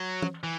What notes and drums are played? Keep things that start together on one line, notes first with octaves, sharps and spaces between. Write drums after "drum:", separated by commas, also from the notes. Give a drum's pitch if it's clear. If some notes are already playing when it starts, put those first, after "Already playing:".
Already playing: F#3
drum: tom
E3